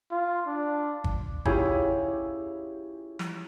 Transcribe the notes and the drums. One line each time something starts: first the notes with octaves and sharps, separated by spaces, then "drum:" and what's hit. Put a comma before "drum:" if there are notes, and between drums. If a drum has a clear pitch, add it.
F4
D4
drum: kick
C#4 E4 F4 G4 G#4, drum: kick
drum: snare